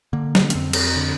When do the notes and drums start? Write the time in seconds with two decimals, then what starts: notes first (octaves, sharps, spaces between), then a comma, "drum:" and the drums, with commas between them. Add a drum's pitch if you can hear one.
0.13 D3 A#3
0.35 drum: snare
0.50 C#4, drum: hi-hat
0.55 F2 C4
0.73 drum: cymbal
0.97 D3